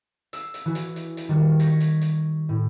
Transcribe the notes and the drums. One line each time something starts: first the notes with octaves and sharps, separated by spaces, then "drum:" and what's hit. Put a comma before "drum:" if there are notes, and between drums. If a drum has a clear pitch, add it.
E6 C7, drum: hi-hat
drum: hi-hat
E3 F#4
drum: hi-hat
drum: hi-hat
drum: hi-hat
D#3 G3 F#4
C#6 G6 G#6 A#6 B6, drum: hi-hat
drum: hi-hat
drum: hi-hat
A2